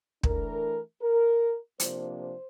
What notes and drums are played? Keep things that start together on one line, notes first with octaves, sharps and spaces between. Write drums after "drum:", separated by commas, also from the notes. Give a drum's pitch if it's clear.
E3 A3 D4 A#4, drum: kick
A#4
C3 F3 A#3 D4 C5, drum: hi-hat
C5